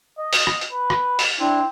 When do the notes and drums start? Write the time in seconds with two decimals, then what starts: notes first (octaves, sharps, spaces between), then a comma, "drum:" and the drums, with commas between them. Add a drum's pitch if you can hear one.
0.18 D#5
0.33 drum: open hi-hat
0.47 drum: rim click
0.61 drum: hi-hat
0.72 B4
0.90 drum: rim click
1.19 drum: open hi-hat
1.40 C4 D4 E4